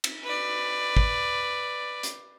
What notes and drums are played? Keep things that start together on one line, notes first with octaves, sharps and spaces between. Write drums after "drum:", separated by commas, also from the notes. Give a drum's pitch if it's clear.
drum: cymbal
B4 D5
drum: kick
drum: hi-hat